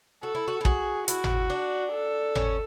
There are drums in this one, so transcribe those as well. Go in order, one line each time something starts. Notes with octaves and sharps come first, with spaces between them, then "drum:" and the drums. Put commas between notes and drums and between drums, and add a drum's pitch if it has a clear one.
F#4 A4
E4
F#4
E4
F#4 G#4, drum: kick
E4 F#4, drum: hi-hat
drum: tom G#1
D4
A4
C#4, drum: tom G#1